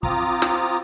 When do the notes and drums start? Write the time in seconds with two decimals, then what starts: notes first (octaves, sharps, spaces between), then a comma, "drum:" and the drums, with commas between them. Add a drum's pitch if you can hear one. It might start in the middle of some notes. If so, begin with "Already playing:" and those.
0.03 C4 F4 A#5 D6 D#6, drum: kick
0.42 drum: snare